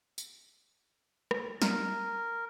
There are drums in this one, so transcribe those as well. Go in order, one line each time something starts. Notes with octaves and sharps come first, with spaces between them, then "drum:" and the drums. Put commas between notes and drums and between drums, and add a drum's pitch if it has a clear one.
drum: tambourine
drum: rim click
A#4, drum: snare